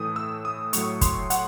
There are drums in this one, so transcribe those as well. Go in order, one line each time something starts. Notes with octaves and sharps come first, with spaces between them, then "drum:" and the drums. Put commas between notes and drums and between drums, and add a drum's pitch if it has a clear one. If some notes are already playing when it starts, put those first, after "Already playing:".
Already playing: A2 E3 A3 D#6
E6
D#6
A2 F#3 A3 C#6, drum: hi-hat
C6, drum: kick, hi-hat
F#5, drum: hi-hat